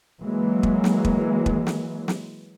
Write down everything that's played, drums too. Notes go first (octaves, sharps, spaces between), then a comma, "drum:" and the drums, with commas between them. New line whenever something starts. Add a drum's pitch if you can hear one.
E3 F#3 G#3 A#3
drum: kick
drum: snare
drum: kick
drum: kick
drum: snare
drum: snare